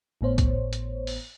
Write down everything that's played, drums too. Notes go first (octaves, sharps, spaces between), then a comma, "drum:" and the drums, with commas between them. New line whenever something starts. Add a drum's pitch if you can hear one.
G#1 A2 B3 C5 C#5
drum: kick, hi-hat
drum: hi-hat
drum: open hi-hat